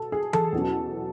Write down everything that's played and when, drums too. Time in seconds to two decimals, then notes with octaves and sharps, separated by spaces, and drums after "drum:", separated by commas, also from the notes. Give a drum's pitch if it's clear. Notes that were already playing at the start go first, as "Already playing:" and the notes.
Already playing: B2 A4
0.12 G#4
0.33 A4, drum: tom E3
0.52 E2 B2 F#3 C#4